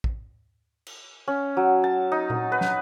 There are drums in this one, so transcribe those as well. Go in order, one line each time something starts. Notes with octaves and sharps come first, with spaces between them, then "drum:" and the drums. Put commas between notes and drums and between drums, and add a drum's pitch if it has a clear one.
drum: kick
drum: cymbal
C#4
F#3
A5
D#4
drum: tom A#2
B4
drum: snare